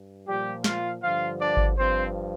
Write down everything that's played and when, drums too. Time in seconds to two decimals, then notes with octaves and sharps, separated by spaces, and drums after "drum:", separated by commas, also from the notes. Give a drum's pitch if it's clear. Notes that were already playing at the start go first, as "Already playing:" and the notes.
Already playing: G2
0.26 A#2 F3 G3 G4
0.64 F4 F5, drum: snare
1.02 G2 D3 F3 F4 F5
1.40 D4 D5
1.57 drum: kick G#1
1.78 G2 F3 C4 C5